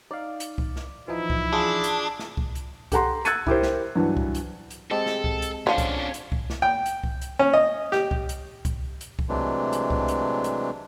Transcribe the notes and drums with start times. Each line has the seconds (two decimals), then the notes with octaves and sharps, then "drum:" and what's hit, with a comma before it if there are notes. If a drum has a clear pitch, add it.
0.11 D#4 D5 F5
0.40 drum: hi-hat
0.58 drum: kick C2
0.76 drum: snare
1.08 E3 F3 D#4 E4
1.30 drum: kick C2
1.53 D4 F4 G#4 A5
1.84 drum: hi-hat
2.19 drum: snare
2.37 drum: kick C2
2.55 drum: hi-hat
2.92 G4 A4 F#5 A#5 C6, drum: kick C2, hi-hat
3.25 E6 F#6 G#6 A6 C#7 D#7, drum: hi-hat
3.47 E4 G4 A#4 C5, drum: kick C2
3.63 drum: snare
3.95 G2 E3 F#3
4.17 drum: kick C2
4.35 drum: hi-hat
4.70 drum: hi-hat
4.91 G#3 C4 G4 A4
5.06 drum: snare
5.24 drum: kick C2
5.42 drum: hi-hat
5.67 D3 F3 C#4 D4 F4
5.78 drum: kick C2, hi-hat
6.14 drum: hi-hat
6.32 drum: kick C2
6.50 drum: snare
6.62 G5
6.86 drum: hi-hat
7.04 drum: kick C2
7.21 drum: hi-hat
7.39 C#4
7.54 D#5
7.92 G4, drum: snare
8.11 drum: kick C2
8.29 drum: hi-hat
8.65 drum: kick C2, hi-hat
9.01 drum: hi-hat
9.19 drum: kick C2
9.29 C3 E3 F#3 G#3 A3 D4
9.73 drum: hi-hat
9.90 drum: kick C2
10.08 drum: hi-hat
10.44 drum: hi-hat